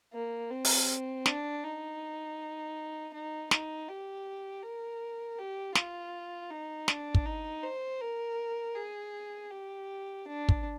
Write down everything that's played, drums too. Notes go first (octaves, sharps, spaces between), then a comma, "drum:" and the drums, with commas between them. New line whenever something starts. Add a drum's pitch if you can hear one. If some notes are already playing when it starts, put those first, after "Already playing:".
A#3
C4
drum: open hi-hat
D4, drum: snare
D#4
D#4
D#4, drum: snare
G4
A#4
G4
F4, drum: snare
D#4
D4, drum: snare
drum: kick
D#4
C5
A#4
G#4
G4
D4
drum: kick